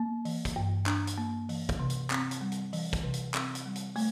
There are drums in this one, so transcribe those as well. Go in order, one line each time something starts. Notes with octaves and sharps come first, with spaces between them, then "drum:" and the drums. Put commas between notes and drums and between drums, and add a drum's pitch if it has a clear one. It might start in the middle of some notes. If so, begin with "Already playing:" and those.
Already playing: A#3
E3, drum: open hi-hat
drum: kick, hi-hat
G2
D4, drum: clap
drum: hi-hat
A#3
E3, drum: open hi-hat
drum: kick, hi-hat
C3
drum: hi-hat
C4, drum: clap
drum: hi-hat
G3
drum: hi-hat
E3, drum: open hi-hat
drum: kick, hi-hat
C3
drum: hi-hat
C4, drum: clap
drum: hi-hat
G3
drum: hi-hat
A3, drum: open hi-hat